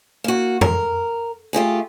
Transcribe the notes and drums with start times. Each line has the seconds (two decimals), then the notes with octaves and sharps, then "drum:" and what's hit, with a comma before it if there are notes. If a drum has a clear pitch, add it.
0.24 A#3 F#4
0.61 A#4, drum: tom F2
1.53 A3 F4 G4 G#4